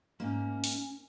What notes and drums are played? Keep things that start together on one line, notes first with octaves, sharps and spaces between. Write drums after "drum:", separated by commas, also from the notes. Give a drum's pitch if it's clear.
G#2 A#3 C#4
drum: open hi-hat